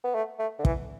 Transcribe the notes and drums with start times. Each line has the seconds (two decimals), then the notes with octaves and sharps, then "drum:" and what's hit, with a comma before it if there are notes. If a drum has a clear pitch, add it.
0.04 B3
0.15 A3
0.39 A3
0.59 D3
0.65 E3, drum: kick